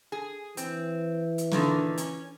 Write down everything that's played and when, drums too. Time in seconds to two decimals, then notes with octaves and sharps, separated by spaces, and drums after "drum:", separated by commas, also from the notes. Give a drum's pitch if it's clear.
0.12 G#4
0.57 E3 C4, drum: hi-hat
1.38 drum: hi-hat
1.52 A#2 D3 D#3, drum: snare
1.98 C#4, drum: hi-hat